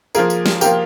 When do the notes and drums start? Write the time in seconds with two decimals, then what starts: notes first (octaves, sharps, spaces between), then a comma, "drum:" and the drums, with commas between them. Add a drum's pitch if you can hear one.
0.15 F3 A#3 F4 G#4 A#4, drum: tambourine
0.30 drum: tambourine
0.46 drum: snare
0.61 F3 A#3 F4 G4 A#4, drum: tambourine